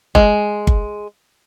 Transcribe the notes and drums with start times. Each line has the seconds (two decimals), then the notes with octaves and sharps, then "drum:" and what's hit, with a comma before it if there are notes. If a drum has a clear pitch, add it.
0.15 G#3, drum: kick G1
0.67 drum: kick G1